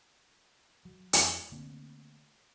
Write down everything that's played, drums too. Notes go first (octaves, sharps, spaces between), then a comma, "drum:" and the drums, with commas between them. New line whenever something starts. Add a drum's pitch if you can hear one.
F#3
F2, drum: hi-hat
D3 A3 A#3 C4